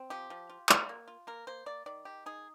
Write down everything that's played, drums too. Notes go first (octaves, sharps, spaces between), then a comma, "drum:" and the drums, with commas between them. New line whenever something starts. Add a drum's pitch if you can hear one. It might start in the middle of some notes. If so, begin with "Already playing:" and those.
Already playing: C4
F3 G4
F3
F4
F4, drum: clap
A#3
F4
A#3 A#4
A#3 C5
A#3 D5
D#3 D5
D#3 G4
D#4 G#4